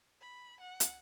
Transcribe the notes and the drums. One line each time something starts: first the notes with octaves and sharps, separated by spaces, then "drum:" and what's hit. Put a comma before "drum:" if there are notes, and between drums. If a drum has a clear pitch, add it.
B5
F#5
drum: hi-hat